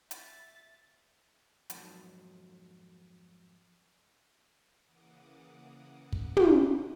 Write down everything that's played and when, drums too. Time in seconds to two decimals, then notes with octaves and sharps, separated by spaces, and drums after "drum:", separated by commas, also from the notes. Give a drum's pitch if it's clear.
0.11 E5 A6, drum: hi-hat
1.70 F2 G#2 F3 F#3 D#4 A5, drum: hi-hat
4.84 C#3 E3 A#3 F#5 D6 D#6
6.12 drum: kick
6.37 drum: tom